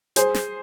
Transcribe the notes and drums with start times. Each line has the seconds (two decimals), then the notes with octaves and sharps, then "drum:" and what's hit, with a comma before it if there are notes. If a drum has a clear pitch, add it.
0.16 G#4 C5, drum: hi-hat
0.34 drum: snare